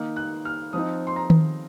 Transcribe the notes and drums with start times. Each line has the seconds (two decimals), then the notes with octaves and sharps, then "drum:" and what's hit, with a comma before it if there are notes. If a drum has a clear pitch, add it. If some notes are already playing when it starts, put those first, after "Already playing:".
Already playing: D#3 A#3 D#4
0.16 F#6
0.45 F6
0.73 F3 C4 D#4 D#6
1.07 C6
1.16 A#5
1.30 drum: tom D#3